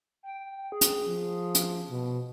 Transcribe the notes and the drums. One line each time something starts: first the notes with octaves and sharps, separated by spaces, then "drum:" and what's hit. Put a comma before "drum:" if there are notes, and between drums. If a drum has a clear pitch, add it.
G5
G#4
drum: hi-hat
F3
drum: hi-hat
B2